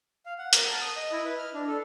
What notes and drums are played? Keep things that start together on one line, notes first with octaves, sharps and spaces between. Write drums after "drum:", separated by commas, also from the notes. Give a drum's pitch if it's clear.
F5
F#5
A#4, drum: hi-hat
A5
D#6
D#5
E4
B4
F6
D4
A4